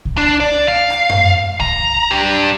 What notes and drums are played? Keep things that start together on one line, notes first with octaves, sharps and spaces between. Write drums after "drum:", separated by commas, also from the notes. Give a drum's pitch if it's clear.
drum: kick C2
D4
D5
F5
drum: rim click
drum: tom F#2
A#5, drum: kick C2
D4 G4